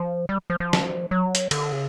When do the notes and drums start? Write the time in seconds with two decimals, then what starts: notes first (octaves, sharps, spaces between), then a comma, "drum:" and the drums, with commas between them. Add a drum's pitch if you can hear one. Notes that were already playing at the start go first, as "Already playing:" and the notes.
Already playing: F3
0.29 G3
0.50 F3
0.60 F3
0.73 drum: snare
1.11 F#3
1.35 drum: hi-hat
1.51 D3, drum: cymbal
1.72 C#3